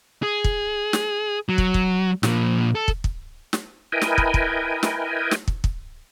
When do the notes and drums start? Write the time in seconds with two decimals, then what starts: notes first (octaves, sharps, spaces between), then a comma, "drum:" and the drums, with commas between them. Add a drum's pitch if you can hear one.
0.23 G#4
0.44 drum: kick
0.93 drum: snare
1.49 F#3
1.58 drum: kick
1.74 drum: kick
2.23 A#2 F3, drum: snare
2.75 A4
2.88 drum: kick
3.04 drum: kick
3.53 drum: snare
3.92 E4 A#4 B4 D#5 G5 G#5
4.02 drum: snare
4.18 drum: kick
4.34 drum: kick
4.83 drum: snare
5.31 drum: snare
5.48 drum: kick
5.64 drum: kick